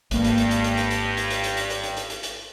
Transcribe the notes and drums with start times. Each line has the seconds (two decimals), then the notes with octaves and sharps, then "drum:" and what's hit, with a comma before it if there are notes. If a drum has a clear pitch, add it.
0.11 G#1 G2 A#3, drum: hi-hat
0.24 drum: hi-hat
0.38 drum: hi-hat
0.51 drum: hi-hat
0.64 drum: hi-hat
0.77 drum: hi-hat
0.91 drum: hi-hat
1.17 drum: hi-hat
1.30 drum: hi-hat
1.44 drum: hi-hat
1.57 drum: hi-hat
1.70 drum: hi-hat
1.83 drum: hi-hat
1.97 drum: hi-hat
2.10 drum: hi-hat
2.23 drum: hi-hat